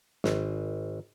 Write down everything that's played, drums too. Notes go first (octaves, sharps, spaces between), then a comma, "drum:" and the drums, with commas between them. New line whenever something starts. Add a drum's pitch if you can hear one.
G#1, drum: snare